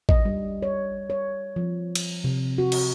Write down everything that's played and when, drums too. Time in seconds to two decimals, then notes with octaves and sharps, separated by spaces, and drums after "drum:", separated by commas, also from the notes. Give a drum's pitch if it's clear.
0.09 D#5, drum: kick
0.25 G3
0.62 C#5
1.10 C#5
1.56 F3
1.95 drum: cymbal
2.24 C3
2.58 F#4
2.72 drum: cymbal